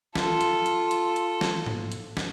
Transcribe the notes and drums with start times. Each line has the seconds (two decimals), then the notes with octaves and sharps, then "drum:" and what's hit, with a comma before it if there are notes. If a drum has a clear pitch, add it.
0.15 F4 A4, drum: snare
0.41 drum: hi-hat
0.66 drum: hi-hat
0.91 drum: hi-hat
1.16 drum: hi-hat
1.41 drum: snare
1.66 drum: tom G#2
1.92 drum: hi-hat
2.17 drum: snare